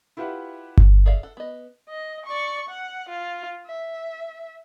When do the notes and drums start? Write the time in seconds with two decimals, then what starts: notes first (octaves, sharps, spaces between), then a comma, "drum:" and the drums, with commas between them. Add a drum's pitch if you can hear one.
0.17 E4 F4 G4 B4 E5 F#5
0.77 drum: kick G1
1.06 G#4 A4 D5 E5 F5
1.23 A4 F#5
1.37 B3 D#5
1.89 D#5
2.26 D5 C#6
2.69 F#5
3.09 F4
3.66 E5